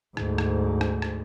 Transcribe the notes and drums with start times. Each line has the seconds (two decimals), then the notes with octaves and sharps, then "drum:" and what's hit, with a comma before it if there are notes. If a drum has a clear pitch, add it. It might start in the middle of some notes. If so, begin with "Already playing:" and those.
0.17 D2 G#2, drum: rim click
0.38 drum: rim click
0.81 drum: rim click
1.02 drum: rim click